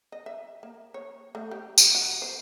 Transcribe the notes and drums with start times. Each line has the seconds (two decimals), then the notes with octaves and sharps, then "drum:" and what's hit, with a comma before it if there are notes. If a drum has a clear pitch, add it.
0.12 D#5
0.26 E5
0.63 A#3
0.94 C#5
1.35 A3
1.51 G4
1.78 G4, drum: tambourine
1.95 F#4
2.22 C5